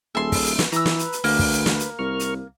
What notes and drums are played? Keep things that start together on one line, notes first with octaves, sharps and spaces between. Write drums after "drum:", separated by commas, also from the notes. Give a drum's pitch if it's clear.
D#1 G#4 A4 E5 C6
drum: kick, open hi-hat
drum: hi-hat
drum: snare
E3 B4 A#5 E6, drum: hi-hat
drum: snare
drum: hi-hat
drum: hi-hat
D2 A#3, drum: open hi-hat
drum: kick, open hi-hat
drum: hi-hat
drum: snare
drum: hi-hat
C2 A#4 C#6 F6
drum: hi-hat